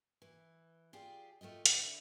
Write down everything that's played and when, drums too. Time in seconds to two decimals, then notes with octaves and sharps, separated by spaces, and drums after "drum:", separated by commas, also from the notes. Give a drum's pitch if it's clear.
0.22 E3
0.93 F4 G4 G#4 D5
1.41 A3 F4 G4 D#5
1.66 D3 E4, drum: hi-hat